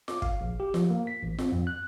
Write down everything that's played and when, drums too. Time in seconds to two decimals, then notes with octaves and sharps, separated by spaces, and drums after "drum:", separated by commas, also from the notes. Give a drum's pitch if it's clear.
0.08 D6, drum: snare F4
0.22 F5, drum: kick
0.41 A#1
0.60 G4
0.74 F3, drum: snare F4
0.90 A#3
1.07 B6
1.23 A1
1.38 C4, drum: snare F4
1.52 F2
1.67 F#6